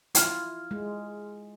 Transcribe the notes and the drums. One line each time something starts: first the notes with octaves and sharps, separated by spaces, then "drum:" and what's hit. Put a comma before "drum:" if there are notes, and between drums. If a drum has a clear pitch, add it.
E4 F4 F6 G#6, drum: hi-hat
G#3